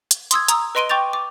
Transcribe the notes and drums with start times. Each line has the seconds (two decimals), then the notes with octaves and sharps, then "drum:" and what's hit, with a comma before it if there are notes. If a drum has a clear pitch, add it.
0.11 drum: hi-hat
0.31 C6 D#6 E6 G#6, drum: hi-hat
0.48 A#5 D#6 E6, drum: hi-hat
0.75 B4 D#5 C6 D7 D#7 G7
0.89 G5 C#6 D6 G6 A6 F7
1.13 D6